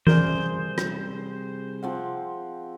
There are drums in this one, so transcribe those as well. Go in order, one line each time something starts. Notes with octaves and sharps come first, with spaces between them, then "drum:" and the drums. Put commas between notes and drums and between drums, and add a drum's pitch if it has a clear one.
C2 G#4 A#4 C5 D5 G#5, drum: tom E3
drum: rim click
F3 C4 F#5